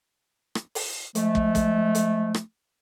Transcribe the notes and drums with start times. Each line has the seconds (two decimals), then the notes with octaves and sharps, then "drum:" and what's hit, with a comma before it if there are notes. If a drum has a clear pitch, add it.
0.55 drum: rim click
0.75 drum: open hi-hat
1.15 F3 G#3 A3, drum: hi-hat
1.35 drum: kick
1.55 drum: kick, hi-hat
1.95 drum: hi-hat
2.34 drum: rim click